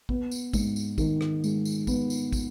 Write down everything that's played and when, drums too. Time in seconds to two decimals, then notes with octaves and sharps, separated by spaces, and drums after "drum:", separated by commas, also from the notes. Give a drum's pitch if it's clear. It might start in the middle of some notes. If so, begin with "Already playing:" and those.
0.09 B3, drum: kick
0.31 drum: tambourine
0.53 G#2, drum: kick, tambourine
0.76 drum: tambourine
0.98 D#3, drum: kick, tambourine
1.21 drum: rim click
1.44 G#3, drum: tambourine
1.65 drum: tambourine
1.87 B3, drum: kick, tambourine
2.10 drum: tambourine
2.32 drum: kick, tambourine